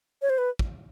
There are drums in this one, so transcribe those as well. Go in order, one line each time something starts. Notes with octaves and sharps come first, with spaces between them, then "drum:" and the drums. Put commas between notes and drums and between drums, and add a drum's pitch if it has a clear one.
C#5
C5
B4
drum: kick